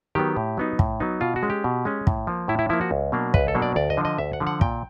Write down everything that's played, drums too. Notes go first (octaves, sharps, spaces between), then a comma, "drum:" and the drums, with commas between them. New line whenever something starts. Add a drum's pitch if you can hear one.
D#3 F#3 B3 G4
A2
F#3 B3 D#4
A2, drum: kick
F#3 B3 D#4
B2 F4
F#4
G#3 C#4
G4
B2
G#3 C#4
A2, drum: kick
F3 A#3
A2 E4
E4
F3 A#3 E4
F#4
C#2
B2 F#3 A#3 D4
C#2 B4, drum: kick
A4
B2 F#3 A#3 D4
D5
D2 D5
D#5
D3 F3
D#5
D2 E5
F#5
D3 F3
F#5
A#2 G5, drum: kick